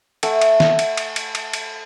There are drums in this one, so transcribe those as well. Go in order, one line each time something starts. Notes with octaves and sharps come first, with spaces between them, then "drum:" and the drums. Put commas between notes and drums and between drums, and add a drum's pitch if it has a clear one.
A3 A4 F#5 G#5, drum: cymbal
drum: cymbal
drum: snare
drum: cymbal
drum: cymbal
drum: cymbal
drum: cymbal
drum: cymbal